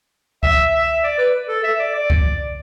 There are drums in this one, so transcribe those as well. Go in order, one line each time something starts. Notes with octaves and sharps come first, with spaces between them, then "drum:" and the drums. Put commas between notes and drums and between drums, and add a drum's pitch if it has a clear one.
E5, drum: kick C#2
E5
D5
B4
A4
E5
D5
D5
drum: kick C#2